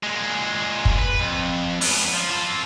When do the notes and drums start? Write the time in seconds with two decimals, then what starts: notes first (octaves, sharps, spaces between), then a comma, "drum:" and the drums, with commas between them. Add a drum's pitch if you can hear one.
0.04 A#2 G#3
0.85 drum: kick
0.99 B4
1.20 F2
1.81 C#2 B3, drum: open hi-hat
2.14 F3
2.31 F4 A4